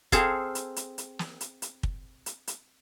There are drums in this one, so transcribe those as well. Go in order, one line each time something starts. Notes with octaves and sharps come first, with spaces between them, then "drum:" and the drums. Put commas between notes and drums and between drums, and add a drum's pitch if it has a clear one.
C4 G#4 A4 F5, drum: kick, hi-hat
drum: hi-hat
drum: hi-hat
drum: hi-hat
drum: snare
drum: hi-hat
drum: hi-hat
drum: kick
drum: hi-hat
drum: hi-hat